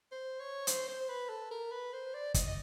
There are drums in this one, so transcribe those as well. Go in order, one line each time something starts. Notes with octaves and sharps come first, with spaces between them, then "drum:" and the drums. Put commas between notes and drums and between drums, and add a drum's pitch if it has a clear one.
C5
C#5
C5, drum: hi-hat
C5
B4
A4
A#4
B4
C5
D5
D#5, drum: kick, hi-hat
D#5